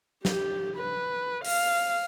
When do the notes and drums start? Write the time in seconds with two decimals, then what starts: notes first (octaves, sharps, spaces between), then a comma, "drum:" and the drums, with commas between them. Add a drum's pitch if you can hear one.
0.25 G4, drum: snare
0.77 B4
1.45 F5, drum: open hi-hat